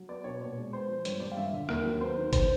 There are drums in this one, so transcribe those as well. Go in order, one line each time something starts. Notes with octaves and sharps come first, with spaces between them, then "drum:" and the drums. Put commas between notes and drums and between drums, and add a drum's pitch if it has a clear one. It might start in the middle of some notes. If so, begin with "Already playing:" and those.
Already playing: F#3
B3 D5
B2 C#5
A#2 C#5
G#3
B3 C5
F3
G2 C#5, drum: hi-hat
G3 D5
F5
G2 E5
D3
D#2 A#4, drum: rim click
F#3
B3 C5
D#3
C5, drum: kick G1, hi-hat